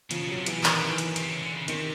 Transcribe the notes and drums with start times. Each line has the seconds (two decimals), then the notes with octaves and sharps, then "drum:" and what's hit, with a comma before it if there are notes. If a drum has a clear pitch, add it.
0.11 C#3 F3, drum: hi-hat
0.24 C#3 F#3
0.38 C3
0.46 B2 E3, drum: hi-hat
0.64 B2 D#3, drum: clap
0.77 C3
0.89 D#3 E3
0.98 drum: hi-hat
1.16 C3, drum: hi-hat
1.28 C#3
1.42 D3
1.55 C#3
1.68 C3 D#3, drum: hi-hat